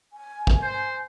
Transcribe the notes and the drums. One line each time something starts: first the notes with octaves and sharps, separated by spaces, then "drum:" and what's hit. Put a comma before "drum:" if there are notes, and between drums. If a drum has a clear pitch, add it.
G#5
drum: kick
C5